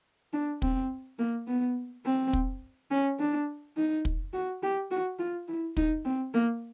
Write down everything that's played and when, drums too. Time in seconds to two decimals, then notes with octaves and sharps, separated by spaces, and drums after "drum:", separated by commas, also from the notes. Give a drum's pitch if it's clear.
0.33 D4
0.62 C4, drum: kick
1.19 A#3
1.47 B3
2.05 C4
2.33 drum: kick
2.91 C#4
3.19 D4
3.77 D#4
4.05 drum: kick
4.33 F#4
4.63 G4
4.91 F#4
5.19 F4
5.48 E4
5.77 D#4, drum: kick
6.05 C4
6.34 A#3